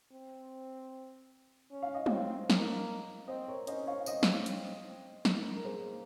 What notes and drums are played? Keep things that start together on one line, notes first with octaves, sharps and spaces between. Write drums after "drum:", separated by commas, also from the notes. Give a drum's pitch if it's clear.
C4
C#4
F5
D#5
C4 C#5 F5, drum: tom
A#3, drum: snare
C4 C5 D#5
A#4 C#5
C#4 C5 D#5, drum: hi-hat
C#5 F5
C4 C5 D#5, drum: tambourine
drum: snare
C4, drum: hi-hat
C4
A#3, drum: snare
A#4
G#4 C5